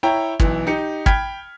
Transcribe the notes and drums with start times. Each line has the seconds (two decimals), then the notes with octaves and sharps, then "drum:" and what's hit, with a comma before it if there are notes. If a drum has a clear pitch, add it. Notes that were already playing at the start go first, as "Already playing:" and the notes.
0.03 E4 C#5 G5 A#5
0.40 B1 E3, drum: kick
0.67 D#4 G4 C#7
1.06 G5 B5 F6 G#6 B6, drum: kick